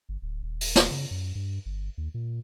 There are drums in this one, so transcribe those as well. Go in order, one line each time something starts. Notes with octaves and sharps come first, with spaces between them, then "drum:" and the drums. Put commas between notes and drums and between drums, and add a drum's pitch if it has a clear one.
G1
D1
D#1
drum: open hi-hat
drum: snare
C#3
F#2
G2
G1
D#2
A#2